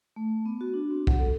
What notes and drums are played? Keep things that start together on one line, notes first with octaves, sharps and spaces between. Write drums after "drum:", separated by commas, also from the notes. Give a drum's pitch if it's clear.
A3
B3
F#4
D4
C4
F#5, drum: kick
A4